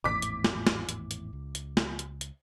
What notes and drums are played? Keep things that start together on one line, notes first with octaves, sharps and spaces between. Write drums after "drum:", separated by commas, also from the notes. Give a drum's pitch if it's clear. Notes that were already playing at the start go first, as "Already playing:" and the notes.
G#1 E2 A2 D6 B6
drum: hi-hat
drum: snare
drum: snare
drum: hi-hat
drum: hi-hat
C#2
drum: hi-hat
drum: snare
drum: hi-hat
drum: hi-hat